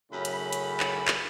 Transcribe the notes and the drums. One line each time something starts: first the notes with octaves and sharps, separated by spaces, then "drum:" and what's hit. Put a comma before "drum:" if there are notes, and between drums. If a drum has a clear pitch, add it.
F#2 A2 C#3 B5
drum: hi-hat
drum: hi-hat
drum: clap
drum: clap